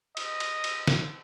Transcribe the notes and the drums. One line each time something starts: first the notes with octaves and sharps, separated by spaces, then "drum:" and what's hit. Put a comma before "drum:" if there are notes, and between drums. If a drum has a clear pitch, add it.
D#5, drum: cymbal
drum: cymbal
drum: cymbal
drum: snare